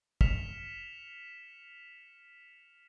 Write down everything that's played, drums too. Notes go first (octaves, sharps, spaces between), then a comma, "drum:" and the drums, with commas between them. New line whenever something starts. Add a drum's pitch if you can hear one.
F6 B6 C#7 E7 F7, drum: kick